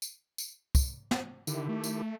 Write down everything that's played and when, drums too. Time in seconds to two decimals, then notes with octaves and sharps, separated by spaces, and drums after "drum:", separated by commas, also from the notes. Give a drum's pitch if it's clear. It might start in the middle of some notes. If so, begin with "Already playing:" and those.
0.02 drum: tambourine
0.38 drum: tambourine
0.75 drum: kick, tambourine
1.11 drum: snare
1.47 D3 D#3 E4 G4, drum: tambourine
1.69 A3
1.84 drum: tambourine